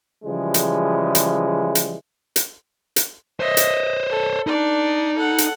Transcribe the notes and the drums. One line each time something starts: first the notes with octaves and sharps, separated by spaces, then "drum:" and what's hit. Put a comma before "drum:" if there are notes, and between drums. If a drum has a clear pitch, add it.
C#3 E3 F3 G3 G#3
drum: hi-hat
drum: hi-hat
drum: hi-hat
drum: hi-hat
drum: hi-hat
C5 C#5 D#5 E5
drum: hi-hat
A4
D4 D#4 D5
A4 F#5
drum: hi-hat